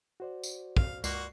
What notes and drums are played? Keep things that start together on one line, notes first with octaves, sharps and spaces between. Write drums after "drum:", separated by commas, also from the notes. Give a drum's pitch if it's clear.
F#4 C5 D5
drum: tambourine
F5, drum: kick
C#2 A#3 F#4 D5 C6 C7, drum: tambourine